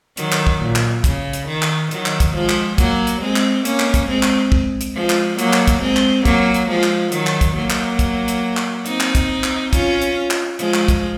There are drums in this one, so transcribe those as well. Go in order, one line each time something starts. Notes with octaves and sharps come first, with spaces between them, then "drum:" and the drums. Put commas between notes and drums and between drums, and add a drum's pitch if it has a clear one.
D#3 F#3, drum: hi-hat
drum: clap
drum: kick
A#2
drum: clap
C#3, drum: kick, hi-hat
drum: hi-hat
D#3
drum: clap
D#3 F#3, drum: hi-hat
drum: clap
drum: kick, hi-hat
F3 G#3
drum: clap
F#3 A#3, drum: kick, hi-hat
drum: hi-hat
G#3 C4
drum: clap
A#3 C#4, drum: hi-hat
drum: clap
drum: kick, hi-hat
G#3 C4
drum: clap
drum: kick
drum: hi-hat
F3 G#3
drum: clap
F#3 A#3, drum: hi-hat
drum: clap
drum: kick, hi-hat
G#3 C4
drum: clap
F#3 A#3, drum: kick, hi-hat
drum: hi-hat
F3 G#3
drum: clap
D#3 F#3, drum: hi-hat
drum: clap
drum: kick, hi-hat
F#3 A#3
drum: clap
drum: kick, hi-hat
drum: hi-hat
drum: clap
C4 D#4, drum: hi-hat
drum: clap
drum: kick, hi-hat
drum: clap
C#4 F4, drum: kick, hi-hat
drum: hi-hat
drum: clap
F3 G#3, drum: hi-hat
drum: clap
drum: kick, hi-hat